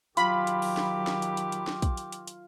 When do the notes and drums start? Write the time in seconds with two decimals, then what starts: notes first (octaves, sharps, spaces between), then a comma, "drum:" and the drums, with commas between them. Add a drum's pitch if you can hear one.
0.17 D#3 F#3 F4 G4 B5, drum: hi-hat
0.47 drum: hi-hat
0.62 drum: open hi-hat
0.77 drum: snare
1.07 drum: snare
1.22 drum: hi-hat
1.37 drum: hi-hat
1.52 drum: hi-hat
1.67 drum: snare
1.82 drum: kick, hi-hat
1.97 drum: hi-hat
2.12 drum: hi-hat
2.27 drum: hi-hat